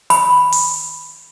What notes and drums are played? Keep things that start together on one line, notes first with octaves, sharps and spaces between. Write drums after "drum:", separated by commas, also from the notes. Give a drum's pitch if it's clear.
B5, drum: hi-hat
drum: open hi-hat